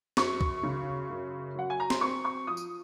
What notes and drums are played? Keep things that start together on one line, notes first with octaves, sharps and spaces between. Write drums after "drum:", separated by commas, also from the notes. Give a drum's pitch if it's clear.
F#2 C#6, drum: snare
drum: kick C2
C#3
F#2
F#3 F#5
G#5
A#5
C6, drum: snare
C4 C#6
C#6
F3 D#6
drum: tambourine